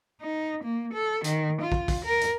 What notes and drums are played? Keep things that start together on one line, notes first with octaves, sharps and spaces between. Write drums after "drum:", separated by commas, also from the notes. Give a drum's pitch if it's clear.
D#4
A#3
A4
D#3, drum: hi-hat
F4
drum: kick
drum: kick, open hi-hat
A#4
drum: hi-hat